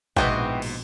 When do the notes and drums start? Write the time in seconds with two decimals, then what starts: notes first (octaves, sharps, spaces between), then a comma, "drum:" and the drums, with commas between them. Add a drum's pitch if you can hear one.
0.17 A#1 G#2 B2 E3 B3 F#4 D#5 G5, drum: kick
0.62 drum: cymbal